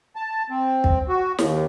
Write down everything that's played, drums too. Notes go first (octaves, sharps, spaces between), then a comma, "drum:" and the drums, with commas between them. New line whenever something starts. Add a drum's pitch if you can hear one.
A5
C4
drum: kick
F#4
D#2, drum: snare